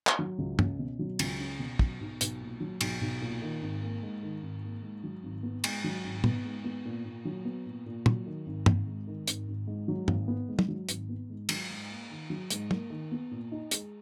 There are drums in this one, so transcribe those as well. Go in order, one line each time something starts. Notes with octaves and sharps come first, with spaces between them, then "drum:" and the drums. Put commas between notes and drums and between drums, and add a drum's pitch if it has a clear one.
drum: clap
F#3
C#2
C#4, drum: tom
B2
F#3
C#2, drum: cymbal
C#4
B2
F#3, drum: kick
B1
B1, drum: hi-hat
A#2
F#3
B1, drum: cymbal
B1
A#2
D#3
G#1
A#3
G#2
D#3
G#1
A#3
G#2
F#3
G#1
B3
G#2, drum: cymbal
F#3
G#1
B3, drum: tom
G#2
B3
A#2
A#2
F#3
B3
A#2
A#2
F#3, drum: tom
D#3
G#1
G#1, drum: tom
G#2
D#3
G#1, drum: hi-hat
G#1
G#2
F#3
G#1, drum: tom
B3
G#2
drum: tom
F#3
G#1, drum: hi-hat
B3
G#2
F#3, drum: cymbal
G#2
A#3
D#3
F#3
G#2, drum: hi-hat
A#3, drum: tom
D#3
B3
A#2
D#4
G#3, drum: hi-hat